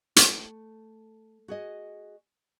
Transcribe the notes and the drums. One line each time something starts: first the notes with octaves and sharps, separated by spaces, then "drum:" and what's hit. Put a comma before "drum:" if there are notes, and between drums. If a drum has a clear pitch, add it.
A3, drum: hi-hat
F#4 G#4 D#5